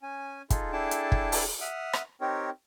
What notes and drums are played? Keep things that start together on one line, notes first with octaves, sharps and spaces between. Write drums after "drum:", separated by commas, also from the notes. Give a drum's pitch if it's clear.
C#4 G#5
D#4 F4 G#4 A4, drum: kick, hi-hat
D4 E4 G#4 A4 G5 A5
drum: hi-hat
drum: kick
drum: open hi-hat
E5 F#5 D#6 F6
drum: rim click
C4 D#4 G4 A#4 C#5